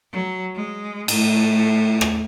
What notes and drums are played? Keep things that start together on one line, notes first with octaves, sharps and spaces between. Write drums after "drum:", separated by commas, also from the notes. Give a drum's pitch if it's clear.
F#3
G#3
A2, drum: cymbal
drum: rim click